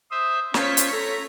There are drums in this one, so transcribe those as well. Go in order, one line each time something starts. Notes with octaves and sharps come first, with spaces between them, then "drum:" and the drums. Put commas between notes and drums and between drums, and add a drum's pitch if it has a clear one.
C5 E5 D#6
C#4 F4 C5 C#5 B6 C#7, drum: snare
drum: hi-hat
A4 A#5